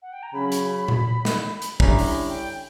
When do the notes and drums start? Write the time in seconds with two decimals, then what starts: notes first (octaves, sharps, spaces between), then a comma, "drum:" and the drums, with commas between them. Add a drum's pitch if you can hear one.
0.02 F#5
0.13 G5
0.23 A#5
0.33 C#3 F#3 C#4 B5
0.52 drum: hi-hat
0.88 drum: tom A#2
1.25 drum: snare
1.62 drum: hi-hat
1.80 D3 G3 C#4 E4 G4 A#5, drum: kick
1.99 drum: open hi-hat
2.29 G5
2.53 G5